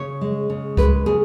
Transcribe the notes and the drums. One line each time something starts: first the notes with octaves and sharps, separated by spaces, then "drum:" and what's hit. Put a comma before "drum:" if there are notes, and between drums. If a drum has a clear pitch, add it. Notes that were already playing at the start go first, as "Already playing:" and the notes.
Already playing: C#3 C#5
G#3
C#3
G#3 B4, drum: kick C#2
C#3 G#4